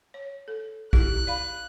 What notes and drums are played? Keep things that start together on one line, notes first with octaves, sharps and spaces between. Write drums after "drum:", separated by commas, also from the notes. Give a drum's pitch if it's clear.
C#5
A4
E4 G4 F#6, drum: kick
D5 F5 B5